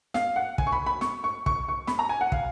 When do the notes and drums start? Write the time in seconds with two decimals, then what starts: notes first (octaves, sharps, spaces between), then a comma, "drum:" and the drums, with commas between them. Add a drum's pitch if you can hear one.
0.14 F5, drum: snare
0.36 F#5
0.58 G#5, drum: kick
0.67 C#6
0.72 B5
0.86 B5
1.01 C#6, drum: snare
1.24 C#6
1.46 C#6, drum: kick
1.69 C#6
1.87 B5, drum: snare
1.99 A#5
2.09 G#5
2.21 F#5
2.32 F5, drum: kick